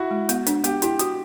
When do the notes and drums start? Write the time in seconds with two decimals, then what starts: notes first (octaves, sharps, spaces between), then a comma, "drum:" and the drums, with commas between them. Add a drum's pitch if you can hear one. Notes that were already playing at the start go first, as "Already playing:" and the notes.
Already playing: E4 F#4
0.11 G#3
0.29 B3, drum: hi-hat
0.47 D4, drum: hi-hat
0.64 B3 G4, drum: hi-hat
0.82 E4 G4, drum: hi-hat
0.99 F#4, drum: hi-hat